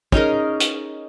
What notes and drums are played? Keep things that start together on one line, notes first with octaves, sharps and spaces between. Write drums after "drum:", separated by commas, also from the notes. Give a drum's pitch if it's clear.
C#4 D#4 G#4 A#4, drum: kick
drum: hi-hat